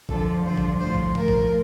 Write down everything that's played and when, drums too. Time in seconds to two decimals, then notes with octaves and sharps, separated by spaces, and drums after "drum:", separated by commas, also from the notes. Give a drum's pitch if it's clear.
0.09 F2 D3 F3 A4, drum: kick A#1
0.45 G2 D3 F3 C5
0.57 drum: kick A#1
0.80 A2 F3 C5
0.94 drum: kick A#1
1.15 A2 F3 A#4, drum: tom G2
1.28 drum: kick A#1